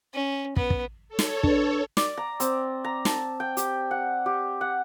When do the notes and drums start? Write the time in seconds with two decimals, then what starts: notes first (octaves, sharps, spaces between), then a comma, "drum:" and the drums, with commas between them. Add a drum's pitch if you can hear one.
0.14 C#4
0.56 B3, drum: kick
0.70 drum: kick
1.09 A4 C#5
1.19 drum: snare
1.43 D4 B4, drum: kick
1.97 D5, drum: snare
2.17 A#5
2.40 C4, drum: hi-hat
2.84 A#5
3.05 A5, drum: snare
3.40 G5
3.57 G4, drum: hi-hat
3.91 F#5
4.26 G4
4.61 F#5